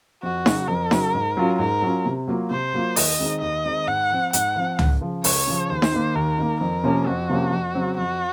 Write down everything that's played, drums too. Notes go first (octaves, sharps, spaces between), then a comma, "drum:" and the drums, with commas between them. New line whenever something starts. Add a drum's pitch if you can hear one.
F2 F#4
C#3 F#3, drum: snare D#4
F2 A#4
C#3 F#3, drum: snare D#4
G#2
F#3 C#4 F4
G#2 A#4
F#3 C#4 F4
C3
F#3 A#3 F4
C3 C5
F#3 A#3 F4
D#2 D#5, drum: open hi-hat
D#3 G#3 C4 D#4
D#2 D#5
D#3 G#3 C4 D#4
G#2 F#5
F3 C4
G#2 F#5, drum: hi-hat
F3 C4
C#2, drum: tom
C#3 F3
C#2 C#5, drum: open hi-hat
C#3 F3
D#2 C5
drum: snare D#4
D#3 A#3
D#2 A#4
D#3 A#3
F2 A#4
C3 F3 A#3 C#4
F2 F#4
C3 F3 A#3 C#4
F2
C#3 F#3 C4
F2 F#4